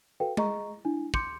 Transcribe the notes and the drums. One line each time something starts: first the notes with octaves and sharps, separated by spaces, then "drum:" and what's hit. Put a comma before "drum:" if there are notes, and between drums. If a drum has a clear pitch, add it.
F#4 A4 B4 F5 G5
G#4 D#5 A#5 C#6, drum: tom G#3
D4 E4 G#5
C6 D6 G6 C#7, drum: kick